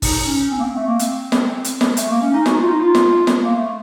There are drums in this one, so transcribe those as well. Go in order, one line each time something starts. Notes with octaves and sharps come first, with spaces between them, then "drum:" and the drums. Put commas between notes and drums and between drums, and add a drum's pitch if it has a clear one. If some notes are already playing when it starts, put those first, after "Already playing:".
D#4, drum: kick, open hi-hat
C#4
C4
A#3
C4
A3
A#3
C4, drum: hi-hat
drum: snare
drum: hi-hat
drum: snare
A3, drum: hi-hat
A#3
C#4
D#4
F#4, drum: snare
F4
D#4
F4
drum: snare
drum: snare
A#3
A3